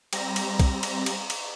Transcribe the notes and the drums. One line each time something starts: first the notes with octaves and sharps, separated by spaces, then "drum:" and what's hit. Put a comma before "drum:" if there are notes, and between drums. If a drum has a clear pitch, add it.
G3 C4 A#5 A#6, drum: cymbal
drum: cymbal
drum: kick, cymbal
drum: cymbal
drum: cymbal
drum: cymbal